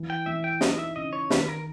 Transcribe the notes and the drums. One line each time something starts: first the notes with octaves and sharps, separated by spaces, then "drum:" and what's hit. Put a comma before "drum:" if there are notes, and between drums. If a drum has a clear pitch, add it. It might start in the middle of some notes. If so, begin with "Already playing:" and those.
Already playing: E3
G5
E3 E5
G5
D#4 D#5, drum: snare
E5
C#3 D#5
C#5
D#3 B4, drum: snare
A#4